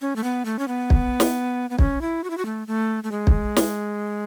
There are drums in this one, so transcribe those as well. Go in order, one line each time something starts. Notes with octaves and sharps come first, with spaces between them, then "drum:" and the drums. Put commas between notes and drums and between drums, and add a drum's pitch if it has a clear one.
C#4
A3
B3
A3
C#4
B3
drum: kick
drum: snare
B3
C#4, drum: kick
E4
F#4
E4
F#4
A3
A3
A3
G#3
drum: kick
drum: snare